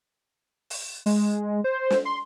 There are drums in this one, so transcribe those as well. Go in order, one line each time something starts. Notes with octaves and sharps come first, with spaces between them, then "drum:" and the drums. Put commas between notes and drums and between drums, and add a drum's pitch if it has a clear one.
drum: open hi-hat
G#3, drum: open hi-hat
C5
drum: snare
C6